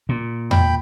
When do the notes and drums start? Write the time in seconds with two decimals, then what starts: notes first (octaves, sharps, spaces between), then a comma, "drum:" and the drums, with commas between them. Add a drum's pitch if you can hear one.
0.09 A#2
0.51 G5 B5, drum: tom E2